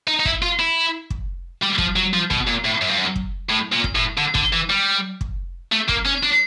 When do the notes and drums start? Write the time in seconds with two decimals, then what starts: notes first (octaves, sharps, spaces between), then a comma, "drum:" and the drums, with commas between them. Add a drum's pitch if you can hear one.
0.07 D#4
0.20 D#4
0.25 E4, drum: kick
0.42 F4
0.60 E4
1.10 drum: kick
1.62 G3
1.78 F3, drum: kick
1.96 F#3
2.14 F3
2.30 B2, drum: kick
2.47 A#2
2.65 A2
2.82 F#2
2.89 G2
2.98 F#2
3.16 drum: kick
3.49 A2
3.72 A#2
3.84 drum: kick
3.95 A2
4.18 D3
4.35 D3, drum: kick
4.53 E3
4.70 G3
5.21 drum: kick
5.72 A3
5.89 A#3, drum: kick
6.06 C#4
6.23 D4